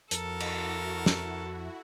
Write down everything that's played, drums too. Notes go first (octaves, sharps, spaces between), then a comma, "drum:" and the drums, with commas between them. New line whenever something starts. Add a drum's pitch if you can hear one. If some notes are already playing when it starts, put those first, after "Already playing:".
F2 E4 F#4 A4 A#4, drum: hi-hat
drum: cymbal
drum: snare